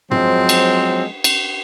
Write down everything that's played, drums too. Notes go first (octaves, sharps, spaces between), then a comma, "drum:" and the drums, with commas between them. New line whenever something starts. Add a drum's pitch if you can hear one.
F3 F#3 G#3 C4, drum: tom
drum: cymbal
drum: cymbal